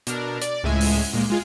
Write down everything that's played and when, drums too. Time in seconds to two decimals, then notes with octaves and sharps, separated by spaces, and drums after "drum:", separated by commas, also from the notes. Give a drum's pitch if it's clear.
0.07 B2 D4 A#4, drum: hi-hat
0.42 D5, drum: hi-hat
0.64 C#2 A2 G#3 E5 G#5
0.81 drum: open hi-hat
1.13 A#2 G#3 A#3
1.30 G#3 F4 G#4